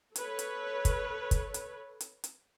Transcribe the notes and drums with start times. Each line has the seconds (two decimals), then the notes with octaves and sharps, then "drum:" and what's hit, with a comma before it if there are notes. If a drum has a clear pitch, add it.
0.16 A4 B4 C#5, drum: hi-hat
0.39 drum: hi-hat
0.85 drum: kick, hi-hat
1.31 drum: kick, hi-hat
1.54 drum: hi-hat
2.00 drum: hi-hat
2.24 drum: hi-hat